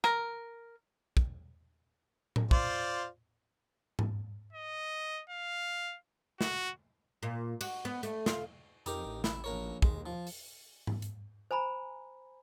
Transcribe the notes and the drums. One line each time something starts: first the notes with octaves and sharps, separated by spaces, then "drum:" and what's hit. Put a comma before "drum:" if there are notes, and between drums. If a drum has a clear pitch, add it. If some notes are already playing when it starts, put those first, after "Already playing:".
A#4, drum: rim click
drum: kick
drum: tom A2
F4 C5 D5, drum: kick
drum: tom G#2
D#5
F5
F#4, drum: snare
A#2
F#4, drum: cymbal
B3
A3, drum: hi-hat
F4, drum: snare
F2 D#4 G4 A#4, drum: hi-hat
A1
E4, drum: snare
A#1 A#4 C#5
D#2 G#3, drum: kick
F3
drum: open hi-hat
drum: tom G#2
drum: hi-hat
C5 G#5 A#5 B5